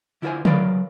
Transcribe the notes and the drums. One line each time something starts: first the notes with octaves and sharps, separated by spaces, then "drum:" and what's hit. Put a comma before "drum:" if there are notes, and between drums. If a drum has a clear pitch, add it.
D3 E4 F4 A#4 C5 G#5
F#3 A#4 B4 D5 F5, drum: tom